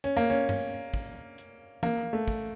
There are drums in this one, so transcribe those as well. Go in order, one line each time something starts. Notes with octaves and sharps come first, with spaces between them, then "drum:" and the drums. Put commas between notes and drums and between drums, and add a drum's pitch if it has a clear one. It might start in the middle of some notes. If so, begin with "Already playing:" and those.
C#4, drum: hi-hat
A#3
C#4
drum: tom G2
drum: kick, hi-hat
drum: hi-hat
A#3, drum: tom E3
A3
drum: kick, hi-hat